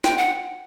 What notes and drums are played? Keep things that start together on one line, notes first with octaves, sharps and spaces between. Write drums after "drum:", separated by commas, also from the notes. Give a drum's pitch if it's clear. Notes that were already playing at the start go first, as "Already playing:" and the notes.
G5, drum: snare
F#5